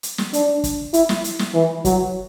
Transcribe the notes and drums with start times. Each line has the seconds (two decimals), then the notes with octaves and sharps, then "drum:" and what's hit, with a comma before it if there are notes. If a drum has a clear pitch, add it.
0.03 drum: hi-hat
0.18 drum: snare
0.33 D4, drum: hi-hat
0.64 drum: kick, hi-hat
0.93 E4, drum: hi-hat
1.09 drum: snare
1.24 drum: hi-hat
1.39 drum: snare
1.54 E3
1.85 F#3, drum: kick, hi-hat